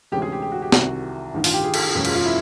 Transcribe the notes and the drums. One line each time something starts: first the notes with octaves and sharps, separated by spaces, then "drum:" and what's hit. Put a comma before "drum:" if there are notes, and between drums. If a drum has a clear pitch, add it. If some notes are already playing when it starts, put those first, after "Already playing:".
D2 C3 E3 G#3 C#4 G4
G#4
G4
G4
F#4
G4
C2 C3 D#3 F#4, drum: snare
A1 G2 D#3
F4, drum: open hi-hat
G4
G#4
A4, drum: cymbal
G#4
F#1 E2 B2 G#3 C#4 G4
F4, drum: cymbal
F4
E4